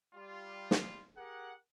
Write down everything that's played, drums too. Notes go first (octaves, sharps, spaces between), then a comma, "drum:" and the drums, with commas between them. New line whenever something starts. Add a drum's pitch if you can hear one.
G3 F4
drum: snare
G4 G#4 A#4 F#5